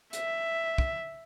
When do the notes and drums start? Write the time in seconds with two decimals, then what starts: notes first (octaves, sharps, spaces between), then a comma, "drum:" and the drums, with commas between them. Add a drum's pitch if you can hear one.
0.13 E5, drum: hi-hat
0.78 drum: kick